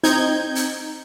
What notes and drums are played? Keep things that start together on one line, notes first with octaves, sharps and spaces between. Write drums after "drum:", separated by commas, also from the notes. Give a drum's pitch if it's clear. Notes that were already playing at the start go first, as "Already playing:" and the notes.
C4 D#4 G6 G#6, drum: hi-hat
drum: hi-hat